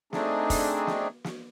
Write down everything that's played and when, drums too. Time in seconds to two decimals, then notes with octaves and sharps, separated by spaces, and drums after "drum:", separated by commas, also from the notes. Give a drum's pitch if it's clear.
0.13 A3 C4 D4 D#4 G#4, drum: snare
0.50 drum: kick, open hi-hat
0.87 drum: snare
1.24 drum: snare